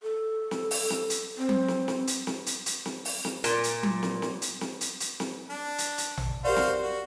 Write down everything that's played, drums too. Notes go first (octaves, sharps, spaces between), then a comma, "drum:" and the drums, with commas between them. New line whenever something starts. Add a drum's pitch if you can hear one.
A4
drum: snare
drum: open hi-hat
drum: snare
drum: hi-hat
C4
drum: tom F#3
drum: snare
drum: snare
drum: hi-hat
drum: snare
drum: hi-hat
drum: hi-hat
drum: snare
drum: open hi-hat
drum: snare
A#2, drum: hi-hat
drum: hi-hat
drum: tom F#3
drum: snare
drum: snare
drum: hi-hat
drum: snare
drum: hi-hat
drum: hi-hat
drum: snare
D4
drum: hi-hat
drum: hi-hat
drum: tom A1
F#4 G4 A#4 C5 D5 F5
drum: snare
F#4